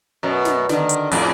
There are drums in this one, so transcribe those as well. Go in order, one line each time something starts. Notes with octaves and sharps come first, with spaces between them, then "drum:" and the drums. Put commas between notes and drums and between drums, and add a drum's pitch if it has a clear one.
F#2 B2
drum: snare
D3 D#3, drum: snare
drum: hi-hat
F2 A2 G#4, drum: open hi-hat